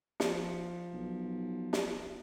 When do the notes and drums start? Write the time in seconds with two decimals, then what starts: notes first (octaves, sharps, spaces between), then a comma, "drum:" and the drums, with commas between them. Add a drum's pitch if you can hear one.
0.20 F3 C#7, drum: snare
0.93 B1
1.73 drum: snare